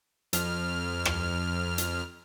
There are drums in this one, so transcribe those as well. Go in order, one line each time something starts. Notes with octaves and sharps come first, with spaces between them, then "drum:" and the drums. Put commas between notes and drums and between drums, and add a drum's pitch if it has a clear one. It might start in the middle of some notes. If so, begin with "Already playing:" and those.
F2 F6, drum: hi-hat
drum: rim click
drum: hi-hat